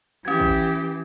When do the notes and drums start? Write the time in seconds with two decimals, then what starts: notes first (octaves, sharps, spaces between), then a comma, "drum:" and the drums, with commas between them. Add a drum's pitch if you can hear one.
0.25 E3 C#4 G4 G#6
0.40 drum: kick